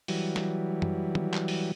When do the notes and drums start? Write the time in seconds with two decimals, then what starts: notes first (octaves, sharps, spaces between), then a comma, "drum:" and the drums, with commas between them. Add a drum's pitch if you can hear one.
0.08 E3 F#3 G3, drum: open hi-hat
0.36 drum: snare
0.82 drum: tom F#2
1.15 drum: tom
1.34 drum: clap
1.48 drum: open hi-hat